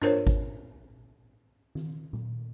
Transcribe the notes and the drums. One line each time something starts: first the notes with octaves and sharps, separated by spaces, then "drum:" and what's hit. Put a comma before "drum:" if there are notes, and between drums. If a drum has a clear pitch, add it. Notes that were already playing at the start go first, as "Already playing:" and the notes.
D4 F4 A#4 C5 C#5, drum: tom G#2
drum: kick G#1
drum: tom D#3
drum: tom A#2